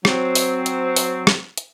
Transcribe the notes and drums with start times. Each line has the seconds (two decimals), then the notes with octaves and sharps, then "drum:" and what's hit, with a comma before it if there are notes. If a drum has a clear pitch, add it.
0.05 F#3 C4, drum: rim click
0.35 drum: open hi-hat
0.66 drum: hi-hat
0.96 drum: open hi-hat
1.27 drum: rim click
1.58 drum: hi-hat